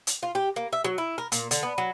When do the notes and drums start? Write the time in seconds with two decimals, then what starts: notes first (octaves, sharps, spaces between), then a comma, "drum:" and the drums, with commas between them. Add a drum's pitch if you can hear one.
0.07 drum: hi-hat
0.23 F4
0.35 G4
0.56 A#3
0.73 E5
0.84 F#3
0.98 E4
1.18 A#4
1.32 A#2, drum: hi-hat
1.51 D3, drum: hi-hat
1.63 B3
1.78 F#3